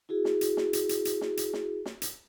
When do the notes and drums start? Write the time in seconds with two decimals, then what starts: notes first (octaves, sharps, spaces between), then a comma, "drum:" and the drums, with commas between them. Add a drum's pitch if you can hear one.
0.09 E4 F#4 G#4
0.25 drum: snare
0.41 drum: hi-hat
0.57 drum: snare
0.73 drum: hi-hat
0.89 drum: hi-hat
1.05 drum: hi-hat
1.21 drum: snare
1.37 drum: hi-hat
1.53 drum: snare
1.86 drum: snare
2.02 drum: hi-hat